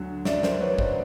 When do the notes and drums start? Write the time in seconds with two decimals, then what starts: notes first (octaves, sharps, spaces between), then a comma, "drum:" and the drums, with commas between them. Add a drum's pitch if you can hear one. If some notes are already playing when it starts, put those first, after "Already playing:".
Already playing: D2 D3 F#3
0.25 D5 E5, drum: snare
0.43 A#4 C5, drum: snare
0.61 B4 C#5
0.78 C5 D5, drum: kick